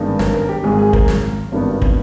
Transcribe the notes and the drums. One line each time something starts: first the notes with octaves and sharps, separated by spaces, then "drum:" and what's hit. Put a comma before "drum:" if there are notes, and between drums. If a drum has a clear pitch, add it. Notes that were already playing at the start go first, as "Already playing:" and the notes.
Already playing: G#1 G2 D#3 G#3 B3
A#4, drum: snare
A#4
G4
G#1 G#2 D#3 A#3 G#4
G#4
A#4, drum: kick
drum: snare
G#1 G2 D#3 G3 B3
drum: kick